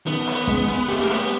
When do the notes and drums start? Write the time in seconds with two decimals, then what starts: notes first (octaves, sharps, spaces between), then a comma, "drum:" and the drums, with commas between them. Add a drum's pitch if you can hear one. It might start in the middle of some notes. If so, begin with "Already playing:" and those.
0.06 D#3 B3, drum: hi-hat
0.27 drum: open hi-hat
0.47 G#3, drum: kick
0.68 drum: hi-hat
0.88 A3 G4, drum: hi-hat
1.01 A#3
1.09 B3, drum: open hi-hat